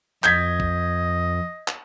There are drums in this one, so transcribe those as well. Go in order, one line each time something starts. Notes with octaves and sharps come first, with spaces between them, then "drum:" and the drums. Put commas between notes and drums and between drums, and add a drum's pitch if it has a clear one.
F2 D#5 G6 G#6 B6, drum: clap
drum: kick
drum: clap